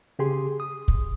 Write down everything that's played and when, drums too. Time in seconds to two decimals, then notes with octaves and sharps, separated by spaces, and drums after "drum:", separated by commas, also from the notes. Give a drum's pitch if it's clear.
0.19 C#3 G4 G#4 C6
0.60 D#6
0.88 drum: kick